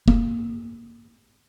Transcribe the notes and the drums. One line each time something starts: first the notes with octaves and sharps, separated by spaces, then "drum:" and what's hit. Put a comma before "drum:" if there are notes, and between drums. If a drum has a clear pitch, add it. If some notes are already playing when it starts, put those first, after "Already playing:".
A#3, drum: kick F1